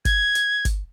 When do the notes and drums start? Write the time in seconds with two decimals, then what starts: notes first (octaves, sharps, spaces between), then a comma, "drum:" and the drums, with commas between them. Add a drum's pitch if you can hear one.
0.05 G#6, drum: kick G1, hi-hat
0.35 drum: hi-hat
0.65 drum: kick G1, hi-hat